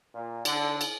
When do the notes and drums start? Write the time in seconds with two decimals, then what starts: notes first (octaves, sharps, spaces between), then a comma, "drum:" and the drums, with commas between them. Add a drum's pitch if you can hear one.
0.15 A#2
0.45 D3, drum: cymbal
0.81 drum: cymbal